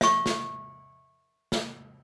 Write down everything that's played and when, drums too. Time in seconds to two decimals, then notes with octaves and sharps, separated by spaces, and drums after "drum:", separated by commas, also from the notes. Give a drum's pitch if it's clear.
0.01 E5 C#6, drum: snare
0.26 drum: snare
1.52 drum: snare